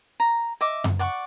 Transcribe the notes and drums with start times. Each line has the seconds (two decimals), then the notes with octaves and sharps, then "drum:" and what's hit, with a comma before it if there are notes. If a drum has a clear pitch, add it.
0.20 A#5
0.61 D#5 E5 D6
0.84 drum: tom F#2
0.99 D5 F#5 C#6